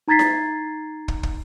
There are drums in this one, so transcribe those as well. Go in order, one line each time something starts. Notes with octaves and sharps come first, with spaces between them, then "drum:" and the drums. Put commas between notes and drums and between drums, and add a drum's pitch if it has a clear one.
D#4 A#5 G#6 A6 B6 C7
drum: snare E4
drum: kick
drum: kick